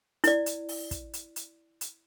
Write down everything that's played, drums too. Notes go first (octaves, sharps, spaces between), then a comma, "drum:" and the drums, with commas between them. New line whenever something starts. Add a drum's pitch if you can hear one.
E4 D5, drum: hi-hat
drum: hi-hat
drum: open hi-hat
drum: kick, hi-hat
drum: hi-hat
drum: hi-hat
drum: hi-hat